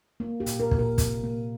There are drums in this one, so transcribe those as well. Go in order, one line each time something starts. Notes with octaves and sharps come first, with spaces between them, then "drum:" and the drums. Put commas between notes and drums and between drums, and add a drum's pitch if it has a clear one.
A#3
G4
A#2, drum: hi-hat
A#4
A#2, drum: kick
A#4
C3, drum: kick, hi-hat
A#3